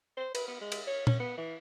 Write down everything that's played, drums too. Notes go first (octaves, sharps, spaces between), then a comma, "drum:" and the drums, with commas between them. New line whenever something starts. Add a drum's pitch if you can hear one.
C5
B4, drum: cymbal
B3
G#3
drum: cymbal
C#5
C#4, drum: tom
B3
E3